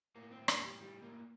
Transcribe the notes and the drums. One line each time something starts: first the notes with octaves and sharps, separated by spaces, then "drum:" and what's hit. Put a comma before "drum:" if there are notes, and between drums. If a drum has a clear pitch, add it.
A2 A#3
C4
A2
A#3, drum: rim click
A2 G3
A2 G3
A2 A#3